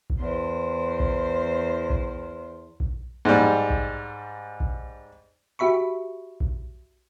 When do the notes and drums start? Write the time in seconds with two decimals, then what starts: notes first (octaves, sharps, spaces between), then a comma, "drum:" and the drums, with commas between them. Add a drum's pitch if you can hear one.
0.10 drum: kick A#1
0.20 E2 C5
1.00 drum: kick A#1
1.90 drum: kick A#1
2.80 drum: kick A#1
3.25 G#2 G3
3.70 drum: kick A#1
4.60 drum: kick A#1
5.59 F#4 G4 E5 B5 C#6
6.40 drum: kick A#1